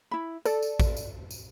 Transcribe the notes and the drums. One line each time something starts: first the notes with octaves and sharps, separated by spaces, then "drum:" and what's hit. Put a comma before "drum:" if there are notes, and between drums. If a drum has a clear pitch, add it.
E4 B5
A4 D5, drum: tambourine
drum: tambourine
drum: kick A1, tambourine
drum: tambourine
drum: tambourine